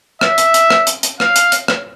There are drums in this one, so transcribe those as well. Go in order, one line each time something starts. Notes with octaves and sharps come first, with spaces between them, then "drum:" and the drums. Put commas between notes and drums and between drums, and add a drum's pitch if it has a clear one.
E5, drum: rim click
drum: hi-hat
drum: hi-hat
drum: rim click
drum: hi-hat
drum: hi-hat
F5, drum: rim click
drum: hi-hat
drum: hi-hat
drum: rim click